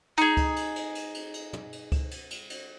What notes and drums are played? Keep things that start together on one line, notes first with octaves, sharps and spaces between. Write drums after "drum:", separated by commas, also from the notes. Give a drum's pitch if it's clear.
D#4 G#4, drum: cymbal
drum: kick C#2, cymbal
drum: cymbal
drum: cymbal
drum: cymbal
drum: cymbal
drum: cymbal
drum: tom
drum: cymbal
drum: kick C#2, cymbal
drum: cymbal
drum: cymbal
drum: cymbal